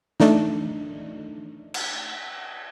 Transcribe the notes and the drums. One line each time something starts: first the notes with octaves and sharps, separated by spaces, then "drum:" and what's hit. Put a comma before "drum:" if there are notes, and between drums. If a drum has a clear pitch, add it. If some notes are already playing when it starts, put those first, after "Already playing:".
A3 D4 D#4, drum: snare
drum: cymbal